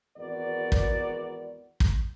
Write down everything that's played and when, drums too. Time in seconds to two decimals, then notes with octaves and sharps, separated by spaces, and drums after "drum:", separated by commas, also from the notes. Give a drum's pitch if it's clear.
0.17 G#1 E2 B3 F#4 A#4 D5
0.72 drum: kick
1.80 drum: kick